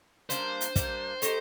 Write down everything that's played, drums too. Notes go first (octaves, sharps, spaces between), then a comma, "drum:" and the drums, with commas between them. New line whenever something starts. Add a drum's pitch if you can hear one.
G3 A#3 D4 C5, drum: hi-hat
drum: hi-hat
G3 A#3 D4, drum: kick, hi-hat
A3 D#4 G4, drum: hi-hat